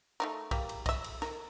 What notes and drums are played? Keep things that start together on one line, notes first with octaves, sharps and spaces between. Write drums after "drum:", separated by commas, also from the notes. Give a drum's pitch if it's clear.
A3 D#4 A#4
G3 A#3, drum: kick, cymbal
drum: cymbal
D#5 E5, drum: kick, cymbal
drum: cymbal
A#4, drum: snare